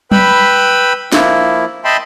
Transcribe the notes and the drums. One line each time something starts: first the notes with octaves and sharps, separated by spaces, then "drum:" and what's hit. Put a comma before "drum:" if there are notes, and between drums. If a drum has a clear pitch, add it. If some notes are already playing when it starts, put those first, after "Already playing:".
B4 G5 B5 E6, drum: tom F#3
F3 A#3 E4, drum: snare
D#5 E5 G5 A5 B5 C6